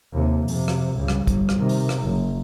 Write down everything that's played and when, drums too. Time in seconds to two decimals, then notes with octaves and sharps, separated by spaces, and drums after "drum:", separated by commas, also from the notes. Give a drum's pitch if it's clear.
0.13 D#2 C3
0.48 F2 C3, drum: open hi-hat
0.68 drum: rim click
0.95 C#2 G2
1.08 drum: rim click
1.27 G1, drum: kick, hi-hat
1.49 drum: rim click
1.58 C3 D#3
1.69 drum: open hi-hat
1.89 drum: rim click
2.04 F#1